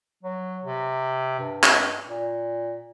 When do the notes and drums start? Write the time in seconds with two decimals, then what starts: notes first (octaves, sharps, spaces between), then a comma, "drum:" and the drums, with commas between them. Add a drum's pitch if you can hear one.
0.24 F#3
0.65 C3
1.40 G2
1.64 drum: clap
2.08 A#2